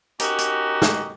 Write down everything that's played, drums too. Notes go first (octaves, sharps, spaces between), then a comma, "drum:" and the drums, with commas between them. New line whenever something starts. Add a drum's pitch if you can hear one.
C#4 D#4 F#4 G4 A#4, drum: hi-hat
drum: hi-hat
drum: snare